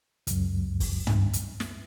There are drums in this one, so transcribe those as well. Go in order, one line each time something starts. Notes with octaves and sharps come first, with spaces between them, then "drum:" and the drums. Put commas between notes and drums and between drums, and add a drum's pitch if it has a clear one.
C#2 F#2, drum: hi-hat
drum: kick, open hi-hat
drum: tom
drum: hi-hat
drum: snare